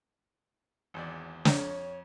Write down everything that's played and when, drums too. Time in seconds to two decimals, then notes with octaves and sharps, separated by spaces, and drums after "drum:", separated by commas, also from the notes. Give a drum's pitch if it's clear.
0.94 G#1 E2 D5
1.45 F2 C#5 A#5, drum: snare